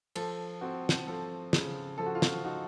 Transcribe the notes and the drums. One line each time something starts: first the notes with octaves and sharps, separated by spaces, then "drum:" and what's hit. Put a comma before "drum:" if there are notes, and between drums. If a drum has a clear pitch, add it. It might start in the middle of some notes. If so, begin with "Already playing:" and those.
F3 A4, drum: cymbal
C4 F#4
drum: snare
F3 A4
C#3, drum: snare
F3 A4
F#4
F4
F#4, drum: snare
D#4 F#4